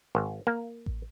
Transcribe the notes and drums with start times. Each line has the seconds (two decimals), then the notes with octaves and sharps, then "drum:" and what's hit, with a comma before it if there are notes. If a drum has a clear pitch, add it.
0.15 G#1
0.47 A#3
0.86 drum: kick A1